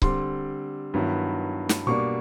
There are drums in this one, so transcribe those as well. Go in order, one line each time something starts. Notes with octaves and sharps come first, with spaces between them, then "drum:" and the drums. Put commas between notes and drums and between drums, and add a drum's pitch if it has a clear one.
D3 G3 C4 C6, drum: kick C#1
G2 D#3 F#3 B3 E4
drum: snare
B2 G3 A#3 D4 C#6